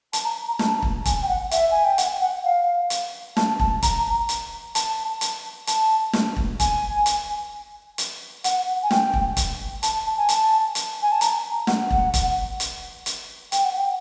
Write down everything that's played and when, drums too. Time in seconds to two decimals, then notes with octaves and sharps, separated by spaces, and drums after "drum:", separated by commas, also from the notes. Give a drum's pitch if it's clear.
0.13 A5, drum: hi-hat
0.25 A#5
0.48 A#5
0.59 A5, drum: snare
0.82 drum: kick E1
1.05 G#5, drum: kick E1, hi-hat
1.23 G5
1.28 F#5
1.51 E5, drum: hi-hat
1.71 G#5
1.85 G5
1.98 F#5, drum: hi-hat
2.21 F#5
2.44 F5
2.90 drum: hi-hat
3.37 A5, drum: snare
3.60 A5, drum: kick E1
3.83 A#5, drum: kick E1, hi-hat
4.29 drum: hi-hat
4.75 A5, drum: hi-hat
5.21 drum: hi-hat
5.67 A5, drum: hi-hat
6.13 drum: snare
6.36 drum: kick E1
6.60 G#5, drum: kick E1, hi-hat
7.06 drum: hi-hat
7.98 drum: hi-hat
8.44 F#5, drum: hi-hat
8.83 G#5
8.91 G5, drum: snare
9.13 drum: kick E1
9.37 drum: kick E1, hi-hat
9.83 A5, drum: hi-hat
10.06 A5
10.18 G#5
10.29 A5, drum: hi-hat
10.75 drum: hi-hat
11.02 G#5
11.12 A5
11.21 A#5, drum: hi-hat
11.67 F#5, drum: snare
11.91 drum: kick E1
12.14 drum: kick E1, hi-hat
12.60 drum: hi-hat
13.06 drum: hi-hat
13.52 G5, drum: hi-hat
13.65 F#5
13.77 G5